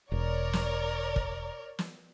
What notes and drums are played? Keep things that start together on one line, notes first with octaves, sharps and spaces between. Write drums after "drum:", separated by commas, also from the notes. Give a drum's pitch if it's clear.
E1 A#4 C#5 D5
drum: snare
drum: kick
drum: snare